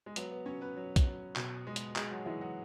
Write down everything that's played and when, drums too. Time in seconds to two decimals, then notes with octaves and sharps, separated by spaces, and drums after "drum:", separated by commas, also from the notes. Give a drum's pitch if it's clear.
0.06 G#3
0.16 F#3 B3, drum: hi-hat
0.31 B3
0.46 F#3 C#4 C#5
0.61 B3 B4
0.77 F#3
0.96 drum: kick B1, hi-hat
1.06 F#3
1.36 B2, drum: clap
1.67 G#3
1.76 drum: hi-hat
1.96 G#3 G#4, drum: clap
2.11 F#3 F#4
2.26 E3 G#3 E4
2.41 F#3 F#4